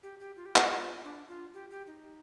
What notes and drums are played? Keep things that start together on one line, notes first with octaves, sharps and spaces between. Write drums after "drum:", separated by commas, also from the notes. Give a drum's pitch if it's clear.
G4
G4
F4
G4
F4, drum: clap
D4
F4
G4
G4
D#4